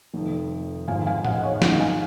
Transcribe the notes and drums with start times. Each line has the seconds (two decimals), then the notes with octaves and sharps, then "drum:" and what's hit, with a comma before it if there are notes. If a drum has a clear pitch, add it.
0.13 F1 F2 D#3
0.87 G#1 G#2 F3 F5 G#5
1.06 F5 G#5
1.25 D#5 F#5, drum: tom A2
1.43 C#5 F5
1.56 F5
1.62 G#1 G#2 D#3 D#5 F#5, drum: snare
1.80 F5 G#5